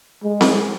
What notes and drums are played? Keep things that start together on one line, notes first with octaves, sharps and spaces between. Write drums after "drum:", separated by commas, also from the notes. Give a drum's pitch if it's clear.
G#3
drum: snare C4